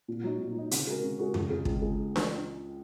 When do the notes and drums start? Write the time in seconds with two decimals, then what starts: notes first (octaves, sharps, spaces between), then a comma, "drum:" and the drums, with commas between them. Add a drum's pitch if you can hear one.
0.08 A#2
0.24 F#3 D#4
0.40 A#2
0.55 F#3 D#4
0.71 C#3, drum: hi-hat
0.87 G#3 F#4 A#4
1.03 C#3
1.18 G#3 F#4 A#4
1.34 C#2, drum: tom F2
1.50 C#3 G#3
1.65 C#2, drum: kick
1.82 C#3 G#3
2.16 drum: snare D4